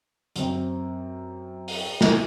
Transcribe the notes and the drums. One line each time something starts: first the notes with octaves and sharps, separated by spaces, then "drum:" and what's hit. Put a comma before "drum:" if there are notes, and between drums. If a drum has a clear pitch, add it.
F#2 C4, drum: hi-hat
drum: open hi-hat
drum: snare